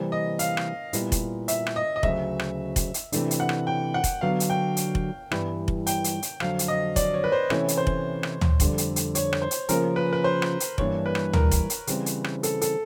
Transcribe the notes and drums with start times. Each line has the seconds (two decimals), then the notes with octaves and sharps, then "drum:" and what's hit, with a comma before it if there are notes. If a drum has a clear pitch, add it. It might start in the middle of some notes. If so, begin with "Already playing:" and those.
Already playing: C3 E3 G3 A#3
0.12 D#5
0.39 F5, drum: hi-hat
0.57 drum: rim click
0.93 A#2 G3 B3 E4, drum: hi-hat
1.12 drum: kick F1, hi-hat
1.48 E5, drum: hi-hat
1.67 drum: rim click
1.76 D#5
1.96 D#5
2.03 D2 C#3 F#3 E5, drum: kick F1
2.39 drum: rim click
2.76 drum: kick F1, hi-hat
2.94 drum: hi-hat
3.12 C3 E3 A3 D4, drum: hi-hat
3.31 drum: hi-hat
3.40 F#5
3.49 drum: rim click
3.67 G5
3.94 F#5
4.04 drum: kick F1, hi-hat
4.21 D3 F#3 B3 F5
4.40 drum: hi-hat
4.50 G5
4.77 drum: hi-hat
4.95 drum: kick F1
5.31 G2 E3 G3 B3 E4, drum: rim click
5.68 drum: kick F1
5.87 G5, drum: hi-hat
6.04 drum: hi-hat
6.23 drum: hi-hat
6.40 F2 D3 F#3 F5, drum: rim click
6.59 drum: hi-hat
6.68 D#5
6.96 D5, drum: kick F1, hi-hat
7.14 C#5
7.24 B4
7.32 C5
7.50 C3 E3 A3 C#4 E4 C#5, drum: rim click
7.68 drum: hi-hat
7.77 C5
7.87 drum: kick F1
8.23 drum: rim click
8.41 drum: tom
8.60 F2 D3 G3, drum: kick F1, hi-hat
8.78 drum: hi-hat
8.96 drum: hi-hat
9.15 C#5, drum: hi-hat
9.33 drum: rim click
9.42 C5
9.51 drum: hi-hat
9.69 C#3 F3 A#3 C#4 A#4, drum: hi-hat
9.96 B4
10.13 B4
10.24 C5
10.42 drum: rim click
10.60 drum: hi-hat
10.78 G2 E3 G3 A#3 D4 C#5, drum: kick F1
11.06 B4
11.15 drum: rim click
11.33 A#4, drum: tom
11.51 drum: kick F1, hi-hat
11.70 drum: hi-hat
11.87 C#3 E3 G3 C4, drum: hi-hat
12.06 drum: hi-hat
12.24 drum: rim click
12.43 A4, drum: hi-hat
12.61 A4, drum: hi-hat